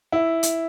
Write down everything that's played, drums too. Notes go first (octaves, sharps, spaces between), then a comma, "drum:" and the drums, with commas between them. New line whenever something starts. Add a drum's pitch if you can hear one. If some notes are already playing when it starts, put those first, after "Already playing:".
E4
drum: hi-hat